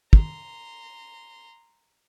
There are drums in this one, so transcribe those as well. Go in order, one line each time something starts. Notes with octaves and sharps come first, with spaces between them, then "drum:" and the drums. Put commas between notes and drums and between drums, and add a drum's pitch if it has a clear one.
A#5 C6, drum: kick